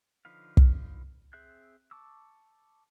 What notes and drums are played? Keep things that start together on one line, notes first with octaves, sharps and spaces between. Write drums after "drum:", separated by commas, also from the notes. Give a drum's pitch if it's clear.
D3 F3 D#4 B4 F5
drum: kick
C4 G#4 E5 F#6 G6
A5 C#6 D6 E6